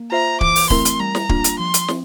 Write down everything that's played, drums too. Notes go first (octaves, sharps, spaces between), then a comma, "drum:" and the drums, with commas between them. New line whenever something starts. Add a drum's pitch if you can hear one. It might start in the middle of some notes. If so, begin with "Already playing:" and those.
Already playing: A#3
F4 C5 E5 A#5
E3 D6, drum: kick
drum: open hi-hat
A3 C4 E4 A#4 C6, drum: kick
drum: hi-hat
G3 A#5
drum: snare
A#3 D4 F4, drum: kick
drum: hi-hat
F3 C6
drum: hi-hat
C4, drum: snare